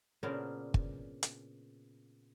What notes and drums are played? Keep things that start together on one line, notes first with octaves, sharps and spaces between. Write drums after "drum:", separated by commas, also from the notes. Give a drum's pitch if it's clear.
A#2 C#3 B3 D4 A#4 C5
drum: kick
drum: hi-hat